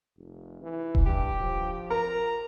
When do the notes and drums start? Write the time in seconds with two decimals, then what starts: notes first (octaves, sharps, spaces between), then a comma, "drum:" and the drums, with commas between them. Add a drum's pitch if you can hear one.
0.18 F1
0.62 E3
0.95 drum: kick D#1
1.06 G2 G4
1.41 F3
1.90 A#4 A#5